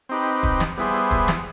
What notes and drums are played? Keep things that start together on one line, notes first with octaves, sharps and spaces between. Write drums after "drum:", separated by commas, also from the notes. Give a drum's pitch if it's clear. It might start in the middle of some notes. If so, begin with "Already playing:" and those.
C4 D#4 G4 B4
drum: kick
drum: snare
G3 B3 E4 G#4 C5
drum: kick
drum: snare